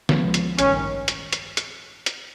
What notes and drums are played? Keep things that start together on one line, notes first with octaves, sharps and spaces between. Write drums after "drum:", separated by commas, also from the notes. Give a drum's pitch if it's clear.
C#2 C#3 F3 G#3 B3, drum: snare
drum: hi-hat
A1 G2 D#3 C#4, drum: hi-hat
drum: hi-hat
drum: hi-hat
drum: hi-hat
drum: hi-hat